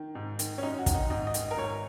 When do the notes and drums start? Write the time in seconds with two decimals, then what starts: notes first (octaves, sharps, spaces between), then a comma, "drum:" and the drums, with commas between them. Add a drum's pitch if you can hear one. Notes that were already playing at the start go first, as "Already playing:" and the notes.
Already playing: D#3
0.15 G#2
0.39 D#3, drum: hi-hat
0.58 C#4
0.63 F#2 D#4
0.79 F#4
0.86 D#3, drum: kick, hi-hat
0.94 D#4
1.10 G#2 D#5
1.27 D#5
1.34 D#3, drum: hi-hat
1.51 A#4
1.57 G#2 C#5